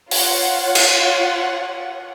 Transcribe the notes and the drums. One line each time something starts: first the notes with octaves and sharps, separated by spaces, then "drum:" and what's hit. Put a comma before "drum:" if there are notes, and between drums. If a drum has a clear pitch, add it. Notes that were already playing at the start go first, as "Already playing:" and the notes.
F4 C#5 F#5, drum: open hi-hat
drum: cymbal